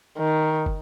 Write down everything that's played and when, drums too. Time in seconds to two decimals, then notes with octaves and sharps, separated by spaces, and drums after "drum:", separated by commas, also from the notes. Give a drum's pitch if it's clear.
0.18 D#3
0.66 drum: kick